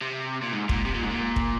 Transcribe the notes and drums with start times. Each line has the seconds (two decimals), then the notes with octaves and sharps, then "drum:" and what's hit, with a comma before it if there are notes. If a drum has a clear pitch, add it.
0.01 C3
0.42 A#2
0.52 G#2
0.69 A#2, drum: kick
0.86 C3
0.95 A#2
1.02 G#2
1.11 A#2
1.36 drum: kick